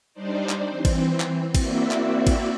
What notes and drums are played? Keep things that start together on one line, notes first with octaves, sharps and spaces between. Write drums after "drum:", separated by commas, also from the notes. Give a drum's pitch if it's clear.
G3 D4 D#4 C5 D5
drum: clap
E3 C4
drum: kick G#1, cymbal
drum: clap
A#3 C4 E4 F#4 D5 E5, drum: kick G#1, cymbal
drum: clap
drum: kick G#1, cymbal